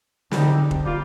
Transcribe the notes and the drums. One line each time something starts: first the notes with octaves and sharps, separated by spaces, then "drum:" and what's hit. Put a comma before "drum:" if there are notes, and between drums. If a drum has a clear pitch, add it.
D3 G3 C4 D#4 G4, drum: snare
drum: kick F1
G3 A#3 F4